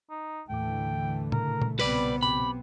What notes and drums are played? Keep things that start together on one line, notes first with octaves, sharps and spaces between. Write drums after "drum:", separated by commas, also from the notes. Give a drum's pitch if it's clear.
D#4
D#2 A2 D3 E3 A3 G5 D6
A#2 C#3 A#4, drum: tom A2
drum: tom A#2
B1 G3 B3 C4 B4 D5, drum: open hi-hat
G4 B5